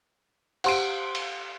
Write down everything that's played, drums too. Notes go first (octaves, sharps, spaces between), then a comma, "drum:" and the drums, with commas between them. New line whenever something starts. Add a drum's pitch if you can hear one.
G4 C5 F5 F#5 C6 D7, drum: cymbal
drum: cymbal